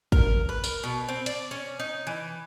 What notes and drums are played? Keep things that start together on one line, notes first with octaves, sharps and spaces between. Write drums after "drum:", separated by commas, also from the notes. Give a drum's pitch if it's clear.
A#4, drum: kick
B4
A#4, drum: tambourine
B2
C4
D5, drum: hi-hat
C#4
D#4
E3